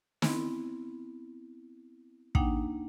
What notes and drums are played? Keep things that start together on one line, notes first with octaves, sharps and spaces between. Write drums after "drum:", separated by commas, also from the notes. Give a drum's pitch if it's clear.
B3 C4 E4, drum: snare
A#3 D4 D#4 F#5 G5, drum: kick